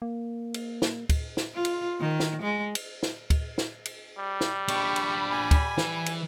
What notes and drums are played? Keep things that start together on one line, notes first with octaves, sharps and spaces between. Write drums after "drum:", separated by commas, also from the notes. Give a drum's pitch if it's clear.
A#3
drum: cymbal
drum: snare
drum: kick, cymbal
drum: snare
F4
drum: cymbal
D#3
drum: snare
G#3
drum: cymbal
drum: snare
drum: kick, cymbal
drum: snare
drum: cymbal
G3
drum: snare
D4 F4 G4 B5 C#6, drum: cymbal
drum: cymbal
G#5
drum: kick, cymbal
E3, drum: snare
drum: cymbal